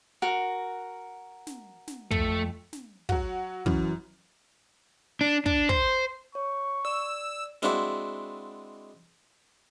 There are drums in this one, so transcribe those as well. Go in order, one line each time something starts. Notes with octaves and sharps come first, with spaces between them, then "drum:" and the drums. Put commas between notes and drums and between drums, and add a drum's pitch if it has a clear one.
F#4 A#4
drum: snare
drum: snare
F2 A3, drum: kick
drum: snare
F#3 F#4, drum: kick
F#2 E3 F#3, drum: kick
D4
D4, drum: kick
C5, drum: kick
C#5 C#6
D5 E6
G#3 C4 D4 E4 F#4 C5, drum: snare